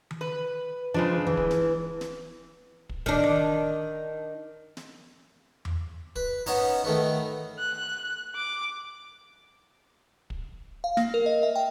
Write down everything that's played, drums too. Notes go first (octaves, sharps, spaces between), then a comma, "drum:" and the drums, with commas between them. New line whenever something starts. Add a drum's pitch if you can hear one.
drum: tom D#3
B4
C#3 F3 G#3 D4
E3
drum: kick
drum: snare
drum: snare
drum: kick
D#3 D4, drum: kick
drum: tom D#3
drum: snare
drum: tom E2
B4, drum: kick
B3 C#4 D#4, drum: open hi-hat
D#3 A3 B3
F#6
D6
drum: kick
F5
A#3, drum: snare
A#4
D#5
E5
G5